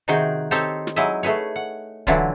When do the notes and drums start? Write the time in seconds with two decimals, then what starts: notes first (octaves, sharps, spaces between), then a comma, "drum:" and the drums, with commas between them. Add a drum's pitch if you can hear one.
0.08 C3 D#3 D#4 F#4 G#4 G5
0.51 C4 D#4 G4 A4 C5 C#5
0.87 drum: snare
0.96 F#3 G#3 D#4 E4 D#5 E5
1.23 A3 G#4 B4 C#5
1.56 F#5
2.07 D3 E3 F#3 D4 E4 F4, drum: kick